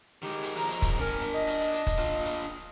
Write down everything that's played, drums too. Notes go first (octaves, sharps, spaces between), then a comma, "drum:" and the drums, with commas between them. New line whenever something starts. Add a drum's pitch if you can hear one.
D#3 G#3 G4
drum: hi-hat
F3 G#3 A#4 A#5, drum: hi-hat
drum: hi-hat
drum: kick, hi-hat
D4 A#4 G#5
drum: hi-hat
D#5
drum: hi-hat
drum: hi-hat
drum: hi-hat
drum: kick, hi-hat
D4 F4, drum: hi-hat
drum: hi-hat